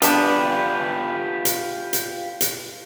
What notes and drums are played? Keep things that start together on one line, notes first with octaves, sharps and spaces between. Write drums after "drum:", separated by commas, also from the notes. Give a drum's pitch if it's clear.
B3 D4 F4 G4 B4, drum: hi-hat
drum: hi-hat
drum: hi-hat
drum: hi-hat